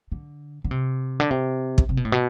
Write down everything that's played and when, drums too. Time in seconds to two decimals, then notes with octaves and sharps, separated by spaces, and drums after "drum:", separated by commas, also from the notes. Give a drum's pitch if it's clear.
0.12 D3
0.64 D3
0.71 C3
1.20 D3
1.31 C3
1.78 drum: kick
1.89 C3
1.97 B2
2.05 A2
2.12 B2